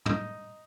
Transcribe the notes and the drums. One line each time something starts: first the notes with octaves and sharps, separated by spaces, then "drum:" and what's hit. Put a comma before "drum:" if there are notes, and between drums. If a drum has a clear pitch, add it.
D#4, drum: tom